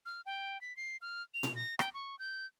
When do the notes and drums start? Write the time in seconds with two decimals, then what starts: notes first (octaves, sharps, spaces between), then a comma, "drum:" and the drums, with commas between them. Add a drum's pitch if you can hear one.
0.06 F6
0.26 G5
0.61 B6
0.77 C7
1.02 F6
1.34 F7
1.43 drum: tom A#2
1.55 A#6
1.79 G5, drum: rim click
1.94 C#6
2.19 G6